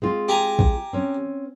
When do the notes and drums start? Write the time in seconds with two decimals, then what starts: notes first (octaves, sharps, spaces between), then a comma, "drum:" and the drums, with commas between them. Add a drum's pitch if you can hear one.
0.02 G#3 C4 F4
0.28 G4 G#5 A#5
0.59 drum: kick
0.93 C4 C#4